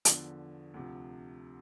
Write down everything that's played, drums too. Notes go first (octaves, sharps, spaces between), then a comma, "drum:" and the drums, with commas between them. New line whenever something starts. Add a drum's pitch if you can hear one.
E2 D3 F3, drum: hi-hat
D2 C3 F3